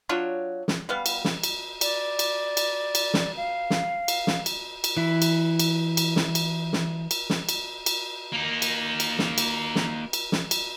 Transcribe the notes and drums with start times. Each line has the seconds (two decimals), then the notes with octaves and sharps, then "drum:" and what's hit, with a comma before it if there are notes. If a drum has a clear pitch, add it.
0.09 F#3 D4 F4 C#5
0.68 drum: snare
0.89 G3 B3 F5
1.06 drum: cymbal
1.25 drum: snare
1.43 drum: cymbal
1.81 D5, drum: cymbal
2.19 drum: cymbal
2.57 drum: cymbal
2.95 drum: cymbal
3.14 drum: snare
3.37 F5
3.70 drum: snare
4.08 drum: cymbal
4.27 drum: snare
4.46 drum: cymbal
4.84 drum: cymbal
4.97 E3 E4
5.22 drum: cymbal
5.59 drum: cymbal
5.97 drum: cymbal
6.16 drum: snare
6.35 drum: cymbal
6.73 drum: snare
7.11 drum: cymbal
7.30 drum: snare
7.49 drum: cymbal
7.86 drum: cymbal
8.32 A#3 D#4
8.62 drum: cymbal
9.00 drum: cymbal
9.19 drum: snare
9.38 drum: cymbal
9.75 drum: snare
10.13 drum: cymbal
10.32 drum: snare
10.51 drum: cymbal